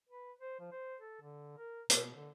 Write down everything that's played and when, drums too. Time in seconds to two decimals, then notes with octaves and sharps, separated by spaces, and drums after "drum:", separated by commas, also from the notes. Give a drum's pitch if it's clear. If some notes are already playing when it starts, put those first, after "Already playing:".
0.10 B4
0.40 C5
0.59 F3
0.72 C5
1.01 A4
1.21 D3
1.58 A#4
1.90 B2, drum: hi-hat
2.15 D3